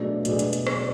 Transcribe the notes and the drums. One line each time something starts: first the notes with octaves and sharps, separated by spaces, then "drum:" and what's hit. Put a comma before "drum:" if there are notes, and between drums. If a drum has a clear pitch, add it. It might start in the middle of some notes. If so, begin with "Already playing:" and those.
Already playing: B2 F#3 A3 D4 G#4
B2 F#3 A3 D4 G#4, drum: hi-hat
drum: hi-hat
drum: hi-hat
drum: rim click